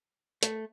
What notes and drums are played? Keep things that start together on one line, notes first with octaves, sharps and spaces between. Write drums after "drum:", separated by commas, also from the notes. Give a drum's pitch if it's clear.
A3, drum: hi-hat